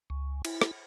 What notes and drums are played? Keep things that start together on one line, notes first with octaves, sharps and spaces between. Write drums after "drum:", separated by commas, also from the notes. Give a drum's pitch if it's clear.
C#2
E4, drum: cymbal
drum: rim click